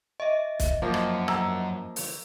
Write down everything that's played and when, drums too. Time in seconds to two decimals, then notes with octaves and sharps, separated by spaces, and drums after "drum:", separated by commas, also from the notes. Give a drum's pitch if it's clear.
0.20 D#5 E5
0.60 drum: kick, hi-hat
0.82 F#2 F3 A#3
0.94 drum: rim click
1.28 A#5 E6, drum: rim click
1.96 drum: open hi-hat